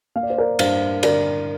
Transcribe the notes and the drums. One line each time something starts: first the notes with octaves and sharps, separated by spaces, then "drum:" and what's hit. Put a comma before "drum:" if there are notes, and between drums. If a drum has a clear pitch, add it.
A#3 F5
D5
C5
A#4 D5
G2 C5 F5, drum: cymbal
D3 A#4 D5, drum: cymbal